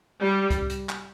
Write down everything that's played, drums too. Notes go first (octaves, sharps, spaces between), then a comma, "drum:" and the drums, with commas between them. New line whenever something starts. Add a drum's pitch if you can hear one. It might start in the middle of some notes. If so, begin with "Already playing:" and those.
G3
drum: kick C2, hi-hat
drum: hi-hat
drum: clap